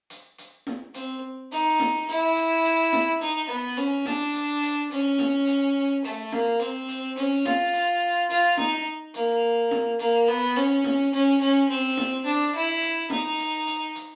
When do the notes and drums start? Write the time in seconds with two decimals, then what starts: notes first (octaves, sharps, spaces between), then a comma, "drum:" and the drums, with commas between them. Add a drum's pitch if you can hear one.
0.10 drum: hi-hat
0.38 drum: hi-hat
0.67 drum: snare
0.94 C4, drum: hi-hat
1.52 D#4, drum: hi-hat
1.80 drum: snare
2.09 E4, drum: hi-hat
2.36 drum: hi-hat
2.64 drum: hi-hat
2.93 drum: snare
3.21 D#4, drum: hi-hat
3.49 B3
3.77 C#4, drum: hi-hat
4.06 D4, drum: snare
4.34 drum: hi-hat
4.62 drum: hi-hat
4.91 C#4, drum: hi-hat
5.19 drum: snare
5.47 drum: hi-hat
6.04 A3, drum: hi-hat
6.32 A#3, drum: snare
6.60 C4, drum: hi-hat
6.89 drum: hi-hat
7.17 C#4, drum: hi-hat
7.45 F4, drum: snare
7.73 drum: hi-hat
8.30 F4, drum: hi-hat
8.58 D#4, drum: snare
9.14 A#3, drum: hi-hat
9.71 drum: snare
9.99 A#3, drum: hi-hat
10.28 B3
10.56 C#4, drum: hi-hat
10.84 drum: snare
11.13 C#4, drum: hi-hat
11.41 C#4, drum: hi-hat
11.69 C4
11.97 drum: snare
12.25 D4
12.55 E4
12.82 drum: hi-hat
13.10 D#4, drum: snare
13.39 drum: hi-hat
13.67 drum: hi-hat
13.95 drum: hi-hat